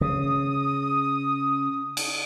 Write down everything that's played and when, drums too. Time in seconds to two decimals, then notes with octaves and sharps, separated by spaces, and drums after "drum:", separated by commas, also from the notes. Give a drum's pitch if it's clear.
0.01 C#3 D#6
1.97 drum: cymbal